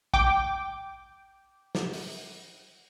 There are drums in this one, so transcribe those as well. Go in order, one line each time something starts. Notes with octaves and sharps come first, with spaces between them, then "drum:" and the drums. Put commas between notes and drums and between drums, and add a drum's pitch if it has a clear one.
G5 D6, drum: kick
drum: snare
drum: open hi-hat